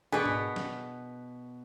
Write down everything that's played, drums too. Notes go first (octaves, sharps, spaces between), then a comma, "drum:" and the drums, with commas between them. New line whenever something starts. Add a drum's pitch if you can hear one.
B2 B3 D4 G#4 A#4
drum: tom G#2
drum: snare